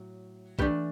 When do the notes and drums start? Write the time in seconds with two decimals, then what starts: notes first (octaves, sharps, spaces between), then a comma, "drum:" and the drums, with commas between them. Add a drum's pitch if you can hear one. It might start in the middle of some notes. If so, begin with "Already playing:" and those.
Already playing: A2 F#3
0.59 E3 A3 D4 G4 B4, drum: kick B1